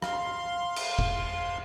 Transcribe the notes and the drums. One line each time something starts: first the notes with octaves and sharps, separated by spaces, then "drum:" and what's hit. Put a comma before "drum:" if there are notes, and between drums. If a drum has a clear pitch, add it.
F5 C6, drum: rim click
drum: cymbal
drum: kick